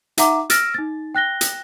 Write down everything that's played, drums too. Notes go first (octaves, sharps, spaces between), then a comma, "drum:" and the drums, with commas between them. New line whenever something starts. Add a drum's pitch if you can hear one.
D#4 E5 F#5 A#5 D6, drum: hi-hat
E6 F6 A6 A#6 D7 E7, drum: hi-hat
D#4 A6
G5 F#6 A#6 G7
drum: hi-hat